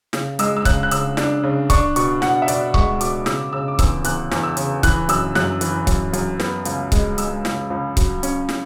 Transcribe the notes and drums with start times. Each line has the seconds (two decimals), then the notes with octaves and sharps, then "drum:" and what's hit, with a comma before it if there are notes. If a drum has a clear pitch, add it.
0.13 C#3, drum: snare
0.39 G#3 E6, drum: hi-hat
0.57 E6
0.65 C#3 F#6, drum: kick C#1, hi-hat
0.83 F#6
0.91 C#3 E6, drum: hi-hat
1.17 D4, drum: snare
1.43 C#3
1.70 D4 C#6, drum: kick C#1, hi-hat
1.96 B2 C#6, drum: hi-hat
2.22 B2 F#5, drum: snare
2.42 E5
2.48 B2 D5, drum: hi-hat
2.74 G#3 C#6, drum: kick C#1
3.01 B2 D6, drum: hi-hat
3.26 C#3 E6, drum: snare
3.53 C#3 E6
3.68 D6
3.79 E2 E6, drum: kick C#1, hi-hat
4.04 E2 F#6, drum: hi-hat
4.31 E2, drum: snare
4.43 E6
4.57 C#3, drum: hi-hat
4.83 E3 F#6, drum: kick C#1, hi-hat
5.09 F#2 E6, drum: hi-hat
5.35 F#2 F#6, drum: snare
5.61 E3, drum: hi-hat
5.87 F#2, drum: kick C#1, hi-hat
6.13 F#2, drum: hi-hat
6.40 B3, drum: snare
6.65 C#2, drum: hi-hat
6.92 G#3, drum: kick C#1, hi-hat
7.18 G#3 E6, drum: hi-hat
7.45 C#2, drum: snare
7.70 C#2
7.97 F#3, drum: kick C#1, hi-hat
8.23 C#4, drum: hi-hat
8.49 drum: snare